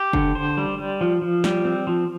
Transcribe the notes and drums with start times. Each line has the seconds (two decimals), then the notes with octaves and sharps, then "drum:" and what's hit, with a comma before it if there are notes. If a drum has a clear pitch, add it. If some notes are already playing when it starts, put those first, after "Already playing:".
Already playing: G4
0.13 D3, drum: kick
0.35 C5
0.57 G3
0.78 G3
1.01 F3
1.22 F3
1.44 G3, drum: snare
1.65 C4
1.87 F3